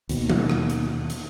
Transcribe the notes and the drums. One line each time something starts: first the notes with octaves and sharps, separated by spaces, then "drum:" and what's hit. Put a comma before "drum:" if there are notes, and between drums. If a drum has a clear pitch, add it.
D#2 B2, drum: hi-hat
drum: tom D#3
drum: rim click
drum: hi-hat
drum: hi-hat